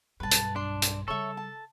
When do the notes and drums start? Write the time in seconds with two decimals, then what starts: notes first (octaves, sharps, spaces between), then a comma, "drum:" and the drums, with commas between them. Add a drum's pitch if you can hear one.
0.20 B1 G2 B4 A5
0.31 drum: hi-hat
0.56 D4 C6
0.82 drum: hi-hat
1.08 C#3 G3 A4 C#5 E5
1.37 A5